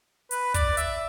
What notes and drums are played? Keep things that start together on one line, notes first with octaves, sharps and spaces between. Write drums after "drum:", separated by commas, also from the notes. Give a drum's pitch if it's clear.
B4, drum: hi-hat
D5, drum: kick, hi-hat
E5, drum: hi-hat